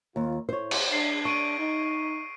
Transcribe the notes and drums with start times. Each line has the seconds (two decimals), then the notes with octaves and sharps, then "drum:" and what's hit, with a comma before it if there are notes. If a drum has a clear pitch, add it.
0.16 D#2 F4
0.49 A2 C5 C#5
0.71 drum: cymbal
0.93 D4 C7
1.25 A5 C#6 D7 D#7
1.59 D#4